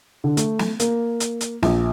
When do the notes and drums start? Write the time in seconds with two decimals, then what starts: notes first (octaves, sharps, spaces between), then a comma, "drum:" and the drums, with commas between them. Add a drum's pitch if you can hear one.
0.24 D3
0.37 A3, drum: hi-hat
0.59 drum: snare
0.80 A#3, drum: hi-hat
1.20 drum: hi-hat
1.41 drum: hi-hat
1.63 A#1, drum: snare